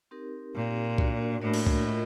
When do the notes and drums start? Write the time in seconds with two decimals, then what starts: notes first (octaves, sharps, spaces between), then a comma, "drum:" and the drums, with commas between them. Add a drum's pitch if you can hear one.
0.11 C4 D#4 G4 A#4
0.55 A#2 C4 D#4 G4 A#4
0.98 A#3 D4 F#4 A#4 D5, drum: kick
1.42 A2 A#3 D4 F#4 A#4 D5
1.54 drum: cymbal
1.67 drum: kick
1.85 F4 A#4 D#5